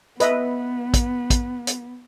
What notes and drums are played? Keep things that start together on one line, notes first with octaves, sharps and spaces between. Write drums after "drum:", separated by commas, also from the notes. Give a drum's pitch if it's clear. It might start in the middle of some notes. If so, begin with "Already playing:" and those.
B3 B4 D#5 E5, drum: hi-hat
drum: kick, hi-hat
drum: kick, hi-hat
drum: hi-hat